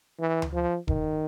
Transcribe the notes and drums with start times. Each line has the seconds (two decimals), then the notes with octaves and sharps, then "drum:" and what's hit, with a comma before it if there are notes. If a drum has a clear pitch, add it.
0.19 E3
0.42 drum: tom D2
0.53 F3
0.88 D#3, drum: kick E1